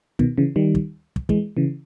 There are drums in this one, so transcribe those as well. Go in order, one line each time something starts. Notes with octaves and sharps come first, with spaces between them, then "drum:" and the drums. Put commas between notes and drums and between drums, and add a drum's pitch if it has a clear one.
B2 D#3, drum: kick
C#3 E3
D#3 G3
drum: kick
drum: kick
E3 G#3, drum: kick
C#3 E3